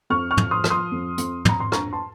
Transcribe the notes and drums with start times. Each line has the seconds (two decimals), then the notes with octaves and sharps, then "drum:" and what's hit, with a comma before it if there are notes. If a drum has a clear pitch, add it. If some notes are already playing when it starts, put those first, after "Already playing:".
0.10 F2 C#6 F6
0.31 C#6 F6
0.37 F3, drum: tom
0.51 C6 D#6
0.64 F3, drum: rim click
0.70 C6 D#6
0.92 F2
1.18 F2, drum: hi-hat
1.45 F2 A#5, drum: tom
1.60 C6
1.72 A#1 A#5 C#6, drum: rim click
1.93 A5 C6